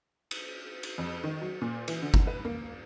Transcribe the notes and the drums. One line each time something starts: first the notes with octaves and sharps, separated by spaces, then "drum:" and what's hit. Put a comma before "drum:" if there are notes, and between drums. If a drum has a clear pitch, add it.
drum: cymbal
drum: cymbal
F2
D#3
F#3
A#2
E3, drum: cymbal
D3
drum: kick G1
B4
A#3